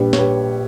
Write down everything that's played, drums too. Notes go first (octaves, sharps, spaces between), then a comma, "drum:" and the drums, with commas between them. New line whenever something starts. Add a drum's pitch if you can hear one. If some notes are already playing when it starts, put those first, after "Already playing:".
Already playing: A#1 A#2 G3 G4 B4
C#5, drum: snare
G4 B4